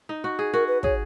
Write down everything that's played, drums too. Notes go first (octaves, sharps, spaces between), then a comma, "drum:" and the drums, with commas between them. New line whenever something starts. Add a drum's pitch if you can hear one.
D#4
F#4
G#4
F#4 A#4
B4
G#4 C#5, drum: kick